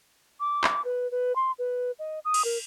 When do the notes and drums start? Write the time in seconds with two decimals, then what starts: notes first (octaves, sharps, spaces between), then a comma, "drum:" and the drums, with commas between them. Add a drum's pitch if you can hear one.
0.40 D6
0.64 drum: clap
0.84 B4
1.11 B4
1.36 C6
1.59 B4
1.99 D#5
2.25 D#6
2.34 drum: cymbal
2.45 A#4